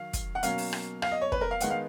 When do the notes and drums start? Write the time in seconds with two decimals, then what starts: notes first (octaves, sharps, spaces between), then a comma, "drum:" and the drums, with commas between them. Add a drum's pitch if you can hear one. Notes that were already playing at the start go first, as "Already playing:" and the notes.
Already playing: D#3 F#3 F5
0.13 drum: kick, hi-hat
0.35 F#5
0.43 B2 F#3 A#3 C#4 F5, drum: hi-hat
0.58 drum: open hi-hat
0.73 drum: rim click
1.02 F5, drum: rim click
1.12 D#5
1.21 C#5
1.32 B4, drum: kick
1.41 A#4
1.51 F5
1.61 D#3 G#3 B3 F#5, drum: hi-hat
1.70 F5